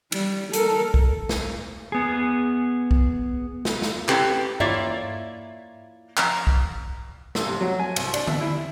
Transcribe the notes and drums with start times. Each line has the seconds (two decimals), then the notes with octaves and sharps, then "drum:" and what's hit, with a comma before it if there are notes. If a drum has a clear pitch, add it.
0.12 G3, drum: cymbal
0.53 A4 A#4, drum: hi-hat
0.94 drum: kick B1
1.29 drum: snare
1.92 B3 G#4
2.91 drum: kick B1
3.65 drum: snare
3.82 drum: snare
4.09 C4 E4 G4 A4 B4, drum: clap
4.60 A#3 E4 F4 C#5 D5 E5, drum: tom G2
6.17 F3 A#5, drum: clap
6.47 drum: kick B1
7.35 A1, drum: snare
7.48 C3
7.61 F#3
7.79 G#5
7.96 C2, drum: cymbal
8.14 D4, drum: cymbal
8.27 E5, drum: tom D3
8.41 E4